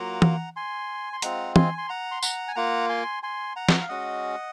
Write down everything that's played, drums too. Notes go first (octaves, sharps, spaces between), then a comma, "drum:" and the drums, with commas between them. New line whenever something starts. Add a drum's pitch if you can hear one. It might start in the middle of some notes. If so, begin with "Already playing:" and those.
Already playing: F#3 A#3 F4 F#5 A#5
drum: tom E3
G#5 C6
C6
G#3 C4 F4 F#5 A#5, drum: hi-hat
G#5 C6, drum: tom
C6
F#5 A#5
C6
F#5 A#5, drum: tambourine
G#5
A#3 F4 F#5 A#5
G#5 C6
G#5 C6
F#5 A#5
drum: snare
F5
G#3 C#4 F#4 D#5 F#5